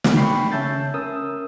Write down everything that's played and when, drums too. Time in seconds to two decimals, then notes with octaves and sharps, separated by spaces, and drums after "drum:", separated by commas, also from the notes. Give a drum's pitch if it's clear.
0.04 drum: snare
0.17 G5 B5 C#6 C7
0.52 C#3 C#4 E5 A5 G6 A6
0.94 C#4 A#4 D#6 E6